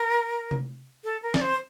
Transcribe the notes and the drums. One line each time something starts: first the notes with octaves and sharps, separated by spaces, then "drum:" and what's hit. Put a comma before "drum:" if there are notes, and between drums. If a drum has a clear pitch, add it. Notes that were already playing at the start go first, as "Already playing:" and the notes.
Already playing: A#4
drum: tom C3
A4
A#4
D5, drum: snare
C5